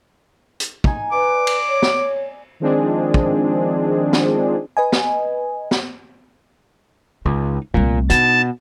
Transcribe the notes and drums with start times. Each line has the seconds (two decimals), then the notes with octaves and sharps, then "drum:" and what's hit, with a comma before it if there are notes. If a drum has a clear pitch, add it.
0.60 drum: hi-hat
0.84 D#4 G#5, drum: kick
1.12 B4 D5 D6
1.47 drum: cymbal
1.69 C#5
1.82 drum: snare
2.60 D#3 F3 G#3 C4 D4 G#4
3.14 drum: kick
4.13 drum: snare
4.77 B4 D#5 G#5
4.92 drum: snare
5.71 drum: snare
7.26 C#2 D#4
7.74 C2 A#2 A3
8.10 B2 D4 D#4 A5, drum: hi-hat